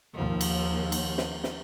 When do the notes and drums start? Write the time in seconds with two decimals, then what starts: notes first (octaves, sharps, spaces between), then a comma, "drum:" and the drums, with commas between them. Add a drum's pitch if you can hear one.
0.15 D#2 F3
0.41 drum: cymbal
0.92 drum: cymbal
1.18 drum: snare
1.44 drum: snare